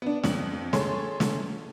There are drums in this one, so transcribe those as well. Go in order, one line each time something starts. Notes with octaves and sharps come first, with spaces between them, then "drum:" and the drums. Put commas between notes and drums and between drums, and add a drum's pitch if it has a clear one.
B3 D4
F2 F#7, drum: snare
G#4 A4 C#5 C6, drum: snare
drum: snare